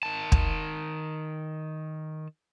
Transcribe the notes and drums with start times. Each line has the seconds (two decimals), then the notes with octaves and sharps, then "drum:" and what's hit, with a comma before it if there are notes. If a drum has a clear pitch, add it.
0.03 D#3 A5
0.32 drum: kick